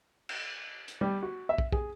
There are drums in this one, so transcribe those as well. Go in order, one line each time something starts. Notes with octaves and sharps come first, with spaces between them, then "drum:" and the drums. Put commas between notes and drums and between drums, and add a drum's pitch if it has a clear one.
drum: cymbal
drum: hi-hat
G3
F#4
E5
drum: kick
G#4, drum: kick